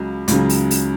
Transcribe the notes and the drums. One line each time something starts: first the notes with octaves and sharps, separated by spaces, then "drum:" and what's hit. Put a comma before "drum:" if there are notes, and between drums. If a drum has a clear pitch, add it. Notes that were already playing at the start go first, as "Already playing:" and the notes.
Already playing: C#2 C#3 F#3
C#2 C#3 F#3, drum: hi-hat
drum: open hi-hat
drum: open hi-hat